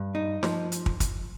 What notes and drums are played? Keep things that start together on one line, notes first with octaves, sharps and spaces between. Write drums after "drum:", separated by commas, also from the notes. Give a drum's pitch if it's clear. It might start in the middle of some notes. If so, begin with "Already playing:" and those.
Already playing: G2
D#4
F3, drum: snare
drum: hi-hat
drum: kick
drum: kick, hi-hat